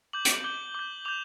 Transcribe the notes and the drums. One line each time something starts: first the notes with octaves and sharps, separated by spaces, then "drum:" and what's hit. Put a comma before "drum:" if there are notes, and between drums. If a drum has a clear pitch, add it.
D6 G6 F#7
drum: hi-hat
D6 G6 G7
D6 G6
D6 G6 F7